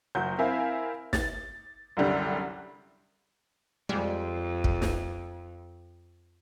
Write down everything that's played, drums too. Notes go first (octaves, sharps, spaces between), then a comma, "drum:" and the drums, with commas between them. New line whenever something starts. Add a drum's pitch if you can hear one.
F#1 F#3 F#4 G6
C4 E4 A#4 E5 F5 G#5
A6, drum: snare
C2 F#2 D3 G3 F#6
F2 G3 G#3 D5
drum: kick
drum: snare